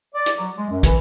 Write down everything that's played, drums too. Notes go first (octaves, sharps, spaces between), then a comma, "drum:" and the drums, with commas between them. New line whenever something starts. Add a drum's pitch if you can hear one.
D5
drum: hi-hat
F#3
G#3
F#2
E3, drum: kick, hi-hat